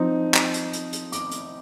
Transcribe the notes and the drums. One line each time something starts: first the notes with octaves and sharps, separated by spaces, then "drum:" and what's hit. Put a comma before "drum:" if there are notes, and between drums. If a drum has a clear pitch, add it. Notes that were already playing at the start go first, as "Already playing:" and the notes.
Already playing: F3 C4 D#4
drum: clap
drum: hi-hat
drum: hi-hat
drum: hi-hat
D6, drum: hi-hat
drum: hi-hat